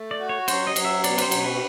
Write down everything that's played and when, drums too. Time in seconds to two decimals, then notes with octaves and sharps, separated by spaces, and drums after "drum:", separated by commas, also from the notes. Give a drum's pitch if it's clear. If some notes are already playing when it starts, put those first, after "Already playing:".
Already playing: A3
0.11 D5
0.20 F#4
0.29 C#5
0.48 F#3 C5, drum: cymbal
0.67 D#5
0.76 F#3, drum: cymbal
0.85 E5
1.04 B2 D5, drum: cymbal
1.18 B4, drum: cymbal
1.22 C5
1.31 B2, drum: cymbal
1.41 B4